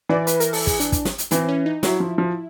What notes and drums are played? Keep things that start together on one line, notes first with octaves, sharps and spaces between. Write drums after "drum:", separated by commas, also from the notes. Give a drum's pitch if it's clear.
E3 D5
B4, drum: hi-hat
A#4, drum: hi-hat
A4, drum: open hi-hat
G#4, drum: kick, hi-hat
D4, drum: hi-hat
drum: kick, hi-hat
drum: snare
drum: hi-hat
E3 C4, drum: hi-hat
C#4
D#4
F#3 E4, drum: snare
F3
F3